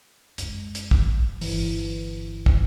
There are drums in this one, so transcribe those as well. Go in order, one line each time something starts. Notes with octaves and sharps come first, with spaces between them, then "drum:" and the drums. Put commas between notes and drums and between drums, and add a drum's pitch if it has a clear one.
F#2 G#3, drum: hi-hat
drum: hi-hat
drum: kick
G1 E3, drum: open hi-hat
drum: kick